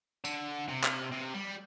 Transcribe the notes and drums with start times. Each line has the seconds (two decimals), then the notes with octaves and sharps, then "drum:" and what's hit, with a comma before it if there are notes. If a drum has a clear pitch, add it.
0.25 D3, drum: tambourine
0.69 C3
0.84 drum: clap
1.12 C3
1.35 G3